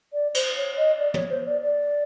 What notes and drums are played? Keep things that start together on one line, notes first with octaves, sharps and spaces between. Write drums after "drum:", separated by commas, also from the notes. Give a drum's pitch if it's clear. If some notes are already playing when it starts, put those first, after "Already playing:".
D5
C5, drum: cymbal
C#5
D#5
D5
C#5, drum: tom
C5
D5
D5